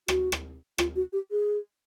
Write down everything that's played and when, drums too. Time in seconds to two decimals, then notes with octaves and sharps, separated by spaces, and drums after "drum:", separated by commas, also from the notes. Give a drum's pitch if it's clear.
0.08 F#4, drum: rim click
0.32 drum: rim click
0.78 F4, drum: rim click
0.96 F#4
1.13 G4
1.31 G#4